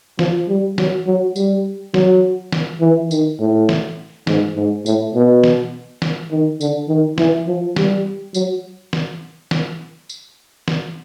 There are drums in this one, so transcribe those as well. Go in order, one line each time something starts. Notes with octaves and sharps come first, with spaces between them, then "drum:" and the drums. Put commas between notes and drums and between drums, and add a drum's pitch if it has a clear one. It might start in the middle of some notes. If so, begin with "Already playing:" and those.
F3, drum: snare
G3
F#3, drum: snare
F#3
G3, drum: tambourine
F#3, drum: snare
drum: snare
E3
D#3, drum: tambourine
A2
drum: snare
G#2, drum: snare
G#2
A2, drum: tambourine
B2
drum: snare
drum: snare
D#3
D3, drum: tambourine
D#3
E3, drum: snare
F3
G3, drum: snare
F#3, drum: tambourine
drum: snare
drum: snare
drum: tambourine
drum: snare